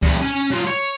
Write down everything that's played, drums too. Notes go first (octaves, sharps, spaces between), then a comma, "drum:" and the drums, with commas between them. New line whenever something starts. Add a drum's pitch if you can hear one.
E2 G2, drum: kick C#2
C#4 G#5
F#3 F4
C#5